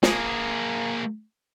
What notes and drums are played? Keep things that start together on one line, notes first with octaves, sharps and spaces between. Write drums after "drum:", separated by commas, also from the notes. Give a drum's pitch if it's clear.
A#3 G#4, drum: snare